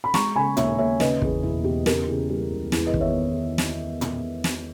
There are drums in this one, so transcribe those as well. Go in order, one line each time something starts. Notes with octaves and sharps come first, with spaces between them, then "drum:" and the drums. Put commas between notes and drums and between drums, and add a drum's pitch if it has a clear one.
B5
G#3 A#5 C#6, drum: snare
C#3 G#5 B5
D#2 C#5 E5, drum: tom
D#2 C#5 E5
C#3 B4 D#5, drum: snare
E2 G#4 B4, drum: kick
E1 E4
E2 G4
C#3 G4 A#4, drum: snare
C#3 E4 G#4
G3
C#2
E2 E4 G#4, drum: snare
B4 D#5
D#3, drum: kick
C#5 E5
drum: snare
drum: tom
drum: snare